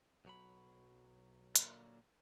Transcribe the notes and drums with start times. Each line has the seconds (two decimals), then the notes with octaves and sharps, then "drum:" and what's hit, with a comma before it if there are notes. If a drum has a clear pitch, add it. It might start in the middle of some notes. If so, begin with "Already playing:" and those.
0.25 B1 F#3 B5
1.56 A#2 D3 F#3 A#3, drum: hi-hat